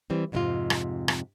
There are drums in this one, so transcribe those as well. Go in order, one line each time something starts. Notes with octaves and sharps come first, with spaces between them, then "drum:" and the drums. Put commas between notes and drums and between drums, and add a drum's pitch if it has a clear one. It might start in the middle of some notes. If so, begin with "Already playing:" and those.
E3 G3 C4
F2 G#2 C3 C#4 D#4 F4
drum: rim click
drum: rim click